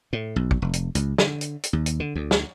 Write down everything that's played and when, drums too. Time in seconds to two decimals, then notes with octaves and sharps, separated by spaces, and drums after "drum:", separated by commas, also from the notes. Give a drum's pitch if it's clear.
0.13 A2
0.36 B1
0.51 drum: kick
0.62 F1
0.73 drum: hi-hat
0.95 C#2, drum: hi-hat
1.18 D3, drum: snare
1.41 drum: hi-hat
1.63 drum: hi-hat
1.73 D#2
1.86 drum: hi-hat
2.00 D3
2.16 D2
2.31 drum: snare